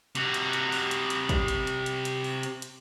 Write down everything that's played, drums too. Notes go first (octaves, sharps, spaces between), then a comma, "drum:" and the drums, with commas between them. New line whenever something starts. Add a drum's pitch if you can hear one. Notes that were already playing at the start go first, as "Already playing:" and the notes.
C3 F#4, drum: hi-hat
drum: hi-hat
drum: hi-hat
drum: open hi-hat
drum: hi-hat
drum: hi-hat
drum: kick, hi-hat
drum: hi-hat
drum: hi-hat
drum: hi-hat
drum: hi-hat
drum: open hi-hat
drum: hi-hat
drum: hi-hat